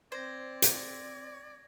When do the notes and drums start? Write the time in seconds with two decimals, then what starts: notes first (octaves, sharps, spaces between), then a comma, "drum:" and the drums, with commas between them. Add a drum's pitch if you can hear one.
0.12 C4 C5 D5 G#6 A#6
0.62 drum: hi-hat